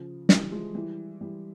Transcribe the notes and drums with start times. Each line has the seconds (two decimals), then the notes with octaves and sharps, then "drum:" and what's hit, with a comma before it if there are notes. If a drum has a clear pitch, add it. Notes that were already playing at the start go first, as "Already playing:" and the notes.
Already playing: C#3 F3
0.29 E3 G3, drum: snare
0.52 F3 G#3
0.75 E3 G3
1.21 E3 G3